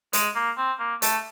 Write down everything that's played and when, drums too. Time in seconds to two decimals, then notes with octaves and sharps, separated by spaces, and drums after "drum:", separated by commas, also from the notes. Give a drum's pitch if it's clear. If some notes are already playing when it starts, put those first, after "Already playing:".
0.13 G#3, drum: hi-hat
0.35 A#3
0.57 C4
0.79 A#3
1.02 A3, drum: hi-hat